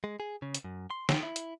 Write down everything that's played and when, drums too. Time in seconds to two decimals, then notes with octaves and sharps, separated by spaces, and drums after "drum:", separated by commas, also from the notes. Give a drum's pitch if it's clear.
0.04 G#3
0.20 G#4
0.42 C#3
0.55 drum: hi-hat
0.64 F#2
0.90 C6
1.09 G5, drum: snare
1.23 E4
1.36 drum: hi-hat